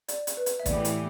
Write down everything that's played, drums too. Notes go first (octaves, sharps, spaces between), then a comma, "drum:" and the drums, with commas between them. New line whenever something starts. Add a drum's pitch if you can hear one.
D5, drum: hi-hat
drum: hi-hat
B4
drum: hi-hat
E5
A2 E3 B3 G4 D5, drum: kick A1, hi-hat
drum: hi-hat